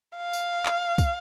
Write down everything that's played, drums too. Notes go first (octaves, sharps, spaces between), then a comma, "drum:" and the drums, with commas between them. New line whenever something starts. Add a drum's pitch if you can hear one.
F5
drum: tambourine
drum: clap
drum: kick, tambourine